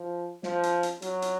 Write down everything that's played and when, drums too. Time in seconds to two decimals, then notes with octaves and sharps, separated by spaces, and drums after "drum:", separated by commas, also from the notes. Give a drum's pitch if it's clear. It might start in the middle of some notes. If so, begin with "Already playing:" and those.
Already playing: F3
0.43 F3, drum: snare
0.63 drum: hi-hat
0.83 drum: hi-hat
1.02 F#3, drum: hi-hat
1.22 drum: hi-hat